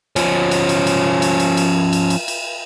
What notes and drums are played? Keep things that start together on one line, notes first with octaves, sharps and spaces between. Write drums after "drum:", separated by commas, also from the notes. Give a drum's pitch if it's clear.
F3 C#4, drum: cymbal
drum: cymbal
drum: cymbal
drum: cymbal
drum: cymbal
drum: cymbal
drum: cymbal
drum: cymbal
drum: cymbal
drum: cymbal